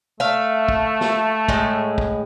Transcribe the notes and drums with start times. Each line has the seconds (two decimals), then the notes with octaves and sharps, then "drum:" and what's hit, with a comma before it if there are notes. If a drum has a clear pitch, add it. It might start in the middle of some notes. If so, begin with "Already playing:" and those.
0.20 A3 E5 F5
0.68 drum: kick
1.01 drum: snare
1.48 A2 G#3, drum: kick
1.98 drum: kick